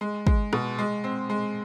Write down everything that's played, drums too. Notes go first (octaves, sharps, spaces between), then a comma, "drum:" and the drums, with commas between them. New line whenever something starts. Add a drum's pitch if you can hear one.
G#3
G#3, drum: kick
B2, drum: rim click
G#3
C4
G#3